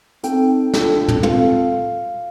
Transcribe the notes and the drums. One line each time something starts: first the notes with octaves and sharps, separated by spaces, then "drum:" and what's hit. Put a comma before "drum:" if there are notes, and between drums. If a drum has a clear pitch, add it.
C4 D#4 A4 G5, drum: hi-hat
D4 F4 A4, drum: snare
drum: tom
C4 F4 A4 F5, drum: tom